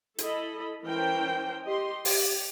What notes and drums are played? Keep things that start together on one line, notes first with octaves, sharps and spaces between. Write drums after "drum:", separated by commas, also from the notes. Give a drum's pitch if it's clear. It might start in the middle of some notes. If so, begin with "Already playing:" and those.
E4 A4 D#5 B5, drum: hi-hat
E3 C#4 A#4 C5 G5
G4 D#5 C6
G4, drum: open hi-hat